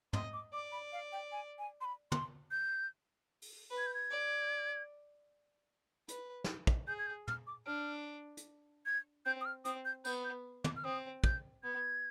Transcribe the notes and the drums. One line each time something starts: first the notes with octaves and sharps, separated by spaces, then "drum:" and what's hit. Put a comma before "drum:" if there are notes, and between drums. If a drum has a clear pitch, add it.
D#5 C6, drum: tom
D6
D5 D6
B5
F5
G5
G#5
G#5
C6
B5
C6, drum: tom
G6
drum: open hi-hat
B4
G#6
G6
G#6
D5
B4, drum: hi-hat
drum: snare
drum: kick
G#4 G6
G#6
G6
F6, drum: tom
D6
D4 F6
drum: hi-hat
G#6
C4 G6
D#6
F6
C4 D#6, drum: hi-hat
G6
B3 G6, drum: tambourine
G6
D6, drum: tom
F6
C4 D#6
G6, drum: kick
B3 G#6